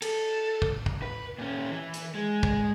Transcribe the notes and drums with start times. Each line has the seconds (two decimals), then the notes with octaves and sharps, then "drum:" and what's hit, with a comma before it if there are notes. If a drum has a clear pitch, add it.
0.02 A4, drum: cymbal
0.62 drum: kick
0.86 drum: kick
1.02 B4
1.38 A#2 C#4
1.71 E3
1.94 drum: hi-hat
2.15 G#3
2.43 drum: kick